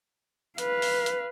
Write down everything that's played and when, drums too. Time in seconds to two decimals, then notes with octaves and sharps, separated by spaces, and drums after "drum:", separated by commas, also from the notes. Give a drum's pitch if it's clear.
0.58 B4 F5, drum: hi-hat
0.82 drum: open hi-hat
1.06 drum: hi-hat